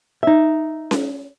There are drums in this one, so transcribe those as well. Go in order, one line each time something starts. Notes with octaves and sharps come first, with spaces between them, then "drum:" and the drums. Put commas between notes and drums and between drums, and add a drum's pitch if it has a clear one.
D#4 E5
drum: snare C#4